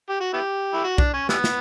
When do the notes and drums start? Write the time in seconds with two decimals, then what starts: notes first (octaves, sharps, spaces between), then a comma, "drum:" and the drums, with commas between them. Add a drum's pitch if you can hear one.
0.09 G4
0.20 F#4
0.33 B3 E4 G4
0.73 E4
0.83 F#4
0.98 D4, drum: kick B1
1.13 C#4
1.29 E3 G3 B3, drum: snare
1.44 drum: snare